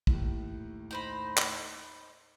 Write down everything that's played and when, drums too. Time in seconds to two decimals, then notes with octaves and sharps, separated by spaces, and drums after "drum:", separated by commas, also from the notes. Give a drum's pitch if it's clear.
0.07 D#2 A2, drum: kick
0.91 D#4 C5 B5
1.37 drum: clap